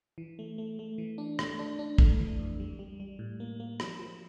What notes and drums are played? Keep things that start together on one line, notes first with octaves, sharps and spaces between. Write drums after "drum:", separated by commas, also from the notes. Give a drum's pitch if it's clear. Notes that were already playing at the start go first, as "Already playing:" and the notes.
E3
A3
A3
A3
E3
D4
A3, drum: rim click
D4
D4
A3, drum: kick
E3
F2
G3
G3
G3
A2
A#3
A#3
F3, drum: rim click
F3